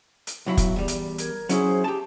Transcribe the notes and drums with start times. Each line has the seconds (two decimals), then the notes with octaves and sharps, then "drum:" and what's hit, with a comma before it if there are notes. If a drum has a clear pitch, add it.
0.27 drum: hi-hat
0.46 B1 F#3 E4
0.57 drum: kick, hi-hat
0.76 E2 G3
0.88 drum: hi-hat
1.18 A#4 G#6, drum: hi-hat
1.49 F#3 C#4 E4 G#4 C5, drum: hi-hat
1.84 G4 A5 A#5